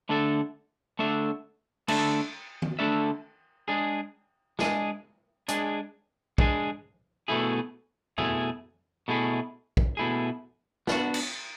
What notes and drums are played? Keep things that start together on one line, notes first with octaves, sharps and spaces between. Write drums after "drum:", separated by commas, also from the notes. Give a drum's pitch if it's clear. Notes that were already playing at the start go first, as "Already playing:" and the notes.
D3 A3 D4 A4 E5
D3 A3 D4 A4 E5
D3 A3 D4 A4 E5, drum: cymbal
drum: tom D#3
D3 A3 D4 A4 E5
G#3 D4 G#4
G#3 D4 G#4, drum: snare
G#3 D4 G#4, drum: hi-hat
G#3 D4 G#4, drum: kick
B2 A3 E4 G#4
B2 A3 E4 G#4, drum: tom F2
B2 A3 E4 G#4
drum: kick
B2 A3 E4 G#4
B3 D4 F#4, drum: snare
drum: cymbal